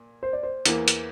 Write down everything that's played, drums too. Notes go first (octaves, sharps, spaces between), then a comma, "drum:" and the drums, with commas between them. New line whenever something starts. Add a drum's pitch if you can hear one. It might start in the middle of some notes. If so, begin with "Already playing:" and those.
Already playing: A#2
C5
D5
C5
E2 E3 A#3, drum: hi-hat
drum: hi-hat